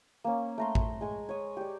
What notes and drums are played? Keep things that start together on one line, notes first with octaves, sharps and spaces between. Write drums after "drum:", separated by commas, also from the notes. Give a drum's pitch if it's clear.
A#3 C#4
A3 A#5 C6
drum: kick A1
G#3 G#5 C#6
C#5 D#6
G4 D5